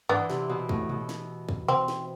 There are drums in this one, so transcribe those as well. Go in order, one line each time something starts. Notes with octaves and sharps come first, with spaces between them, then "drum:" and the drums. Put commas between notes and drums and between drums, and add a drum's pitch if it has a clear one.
E3 B3 D4, drum: tom G2
C3, drum: snare
B2
A2, drum: kick
B2, drum: tom B2
drum: snare
drum: kick
C4, drum: tom B2
drum: snare